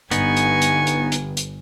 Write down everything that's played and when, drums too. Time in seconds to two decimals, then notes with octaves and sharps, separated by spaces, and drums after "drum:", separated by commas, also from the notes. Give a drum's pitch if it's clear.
0.11 G1 B3 D#4 G#5 C#6, drum: hi-hat
0.37 drum: hi-hat
0.62 drum: hi-hat
0.87 drum: hi-hat
1.12 drum: hi-hat
1.37 drum: hi-hat